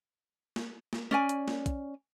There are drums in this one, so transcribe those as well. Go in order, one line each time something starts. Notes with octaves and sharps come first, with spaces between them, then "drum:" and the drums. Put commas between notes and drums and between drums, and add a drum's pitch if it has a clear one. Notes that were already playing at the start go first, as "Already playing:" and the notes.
drum: snare
drum: snare
C#4 D5 G#5
drum: hi-hat
drum: snare
drum: kick, hi-hat